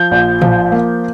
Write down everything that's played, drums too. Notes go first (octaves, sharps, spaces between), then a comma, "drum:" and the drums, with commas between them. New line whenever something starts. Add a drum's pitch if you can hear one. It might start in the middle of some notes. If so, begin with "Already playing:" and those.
Already playing: F3 G6
A#1
F3, drum: tom A2
A#3